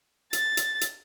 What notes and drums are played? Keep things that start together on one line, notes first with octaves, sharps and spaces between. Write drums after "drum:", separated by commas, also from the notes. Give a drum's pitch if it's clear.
A6, drum: hi-hat
drum: hi-hat
drum: hi-hat